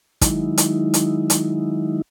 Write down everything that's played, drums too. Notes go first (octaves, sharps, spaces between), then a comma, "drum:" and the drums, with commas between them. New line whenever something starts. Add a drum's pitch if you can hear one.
D#3 F#3 G#3 D#4 E4, drum: kick, hi-hat
drum: hi-hat
drum: hi-hat
drum: hi-hat